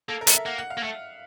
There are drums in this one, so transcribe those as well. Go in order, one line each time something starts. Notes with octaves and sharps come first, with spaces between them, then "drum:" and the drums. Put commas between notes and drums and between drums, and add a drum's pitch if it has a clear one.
A#3 A4
A#4
B3, drum: hi-hat
E5
A#3 F#5
F#5
F5
A#3
A3 E5